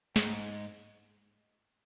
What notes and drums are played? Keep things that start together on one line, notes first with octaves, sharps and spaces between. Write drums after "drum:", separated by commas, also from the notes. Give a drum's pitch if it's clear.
G#2, drum: snare